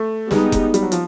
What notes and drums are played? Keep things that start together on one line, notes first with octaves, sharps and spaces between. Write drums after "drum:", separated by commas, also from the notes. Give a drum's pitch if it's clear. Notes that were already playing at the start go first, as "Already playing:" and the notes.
Already playing: A3
G3 G#3 B3 D#4, drum: snare
drum: kick F1, hi-hat
G3, drum: hi-hat
F#3
F3, drum: hi-hat